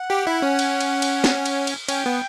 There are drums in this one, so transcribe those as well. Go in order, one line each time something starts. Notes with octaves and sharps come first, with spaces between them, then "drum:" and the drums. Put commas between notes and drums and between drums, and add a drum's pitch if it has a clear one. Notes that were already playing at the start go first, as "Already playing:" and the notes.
Already playing: F#5
G4
E4
C#4
drum: cymbal
drum: cymbal
drum: cymbal
drum: snare
drum: cymbal
drum: cymbal
C#4 G5, drum: cymbal
B3